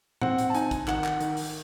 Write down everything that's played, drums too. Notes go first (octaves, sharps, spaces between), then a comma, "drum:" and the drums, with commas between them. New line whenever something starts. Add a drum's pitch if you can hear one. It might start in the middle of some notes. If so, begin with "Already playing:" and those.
C4 F#5, drum: tom G#2
drum: hi-hat
A5
D#4 G#5, drum: hi-hat
drum: kick, hi-hat
D#3 F#5, drum: clap
drum: clap
D#3, drum: hi-hat
drum: open hi-hat